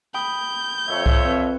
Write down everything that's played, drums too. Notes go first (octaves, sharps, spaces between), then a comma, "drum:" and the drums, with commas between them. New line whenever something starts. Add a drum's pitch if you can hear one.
G5 B5 D#6 G6
F2 C#5 E5
drum: kick C2
C4 B4